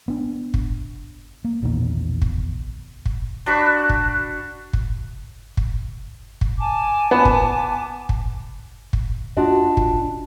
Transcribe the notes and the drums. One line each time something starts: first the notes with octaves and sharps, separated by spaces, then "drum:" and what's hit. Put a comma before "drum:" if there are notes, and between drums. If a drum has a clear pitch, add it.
B3 D4
drum: kick
A#3
A#1 E2 B2 D#3
drum: kick
drum: kick
D4 F#4 B5 C#6
drum: kick
drum: kick
drum: kick
drum: kick
G#5 A5 D6
B3
drum: kick
drum: kick
drum: kick
D4 F4 F#4 D#5
drum: kick